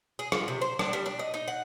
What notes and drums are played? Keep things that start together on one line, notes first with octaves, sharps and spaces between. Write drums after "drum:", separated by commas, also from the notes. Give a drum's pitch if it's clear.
G#4
F3, drum: rim click
C3
C5
D4, drum: rim click
G3
D4
D#5
D#4
F#5